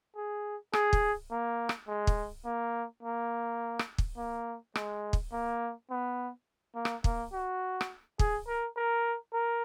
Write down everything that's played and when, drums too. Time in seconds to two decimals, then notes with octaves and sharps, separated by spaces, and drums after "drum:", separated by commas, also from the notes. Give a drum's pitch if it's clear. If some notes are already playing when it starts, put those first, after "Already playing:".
0.16 G#4
0.73 G#4, drum: rim click
0.93 drum: kick
1.31 A#3
1.69 drum: rim click
1.88 G#3
2.07 drum: kick
2.45 A#3
3.03 A#3
3.79 drum: rim click
3.98 drum: kick
4.17 A#3
4.75 G#3, drum: rim click
5.13 drum: kick
5.32 A#3
5.90 B3
6.75 A#3
6.85 drum: rim click
7.04 A#3, drum: kick
7.33 F#4
7.81 drum: rim click
8.19 G#4, drum: kick
8.47 A#4
8.76 A#4
9.33 A#4